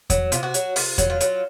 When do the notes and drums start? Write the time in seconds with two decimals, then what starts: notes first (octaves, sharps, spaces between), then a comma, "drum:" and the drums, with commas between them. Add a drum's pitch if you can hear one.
0.10 F#3, drum: kick E2, hi-hat
0.32 C3 F4, drum: hi-hat
0.43 F#4
0.54 F#3, drum: hi-hat
0.76 C3 F4, drum: open hi-hat
0.98 F#3, drum: kick E2, hi-hat
1.10 F4
1.21 F#3, drum: hi-hat